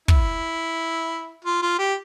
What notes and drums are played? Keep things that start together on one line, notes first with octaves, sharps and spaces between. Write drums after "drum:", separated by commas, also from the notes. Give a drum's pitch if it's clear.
E4, drum: kick
F4
F4
G4